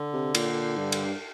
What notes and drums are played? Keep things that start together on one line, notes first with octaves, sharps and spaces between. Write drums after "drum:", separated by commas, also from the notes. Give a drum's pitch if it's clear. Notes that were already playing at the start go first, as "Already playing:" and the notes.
Already playing: D3
C3
A#2, drum: cymbal
G2
drum: cymbal